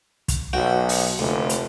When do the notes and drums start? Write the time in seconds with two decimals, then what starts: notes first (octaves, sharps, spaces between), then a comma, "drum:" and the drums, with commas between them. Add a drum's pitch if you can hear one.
0.28 drum: kick, hi-hat
0.53 B1 F#4 G5
0.89 drum: open hi-hat
1.19 F1 D2
1.49 drum: hi-hat